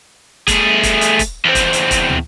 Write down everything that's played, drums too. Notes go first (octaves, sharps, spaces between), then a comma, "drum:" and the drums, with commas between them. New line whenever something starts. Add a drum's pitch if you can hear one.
A3 G#4, drum: kick, hi-hat
drum: kick, hi-hat
drum: hi-hat
drum: kick, hi-hat
E2 C4
drum: kick, hi-hat
drum: hi-hat
drum: kick, hi-hat
drum: tom